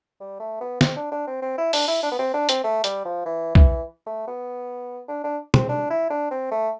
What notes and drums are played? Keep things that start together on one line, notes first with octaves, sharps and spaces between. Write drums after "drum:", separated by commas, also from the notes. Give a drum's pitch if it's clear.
G3
A3
B3
C4, drum: snare
D4
D4
C4
C4
E4
D4, drum: open hi-hat
E4
D4
B3
C4
D4
C4, drum: hi-hat
A3
G3, drum: hi-hat
F3
E3
E3, drum: kick
A3
B3
D4
D4
C4, drum: tom
D4
E4
D4
C4
A3